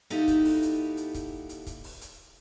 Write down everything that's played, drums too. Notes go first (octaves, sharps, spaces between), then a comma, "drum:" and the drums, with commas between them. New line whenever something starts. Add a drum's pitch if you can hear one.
A#2 D#4 E4 F#4 G4 A4, drum: hi-hat
drum: kick, hi-hat
drum: open hi-hat
drum: hi-hat
drum: hi-hat
drum: kick, hi-hat
drum: hi-hat
drum: kick, hi-hat
drum: open hi-hat
drum: hi-hat